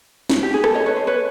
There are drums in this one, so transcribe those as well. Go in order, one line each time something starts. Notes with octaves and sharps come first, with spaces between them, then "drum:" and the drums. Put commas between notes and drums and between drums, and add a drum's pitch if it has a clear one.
drum: snare
G4
G#4
A4, drum: rim click
C#5 D#5
B4 C#5
C5
B4 C#5